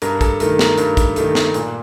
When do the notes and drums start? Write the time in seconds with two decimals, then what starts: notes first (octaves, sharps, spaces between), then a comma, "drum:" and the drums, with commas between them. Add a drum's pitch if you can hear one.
0.02 G2 A#4, drum: hi-hat
0.21 A4, drum: kick, hi-hat
0.40 D#3 A3 A#4, drum: hi-hat
0.59 A#4, drum: snare
0.78 G2 A#4, drum: hi-hat
0.97 drum: kick, hi-hat
1.16 D#3 A3, drum: hi-hat
1.35 drum: snare
1.54 A#2, drum: hi-hat